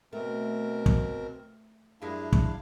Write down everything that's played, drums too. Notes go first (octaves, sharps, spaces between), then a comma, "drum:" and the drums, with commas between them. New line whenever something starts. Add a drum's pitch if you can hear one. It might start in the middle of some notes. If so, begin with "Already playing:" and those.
B2 A3 C4 A#4
drum: kick
F#2 G3 G#3 D4 E4 F5
drum: kick